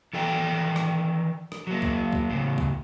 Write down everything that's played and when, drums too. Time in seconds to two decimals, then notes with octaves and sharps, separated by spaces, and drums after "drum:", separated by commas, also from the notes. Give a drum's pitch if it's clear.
0.13 D#3 E3 A4 D5 G5
0.76 drum: rim click
1.52 drum: rim click
1.67 F#3 A#3
1.82 drum: kick C#2
2.12 drum: kick C#2
2.30 A2 C#3
2.58 drum: kick C#2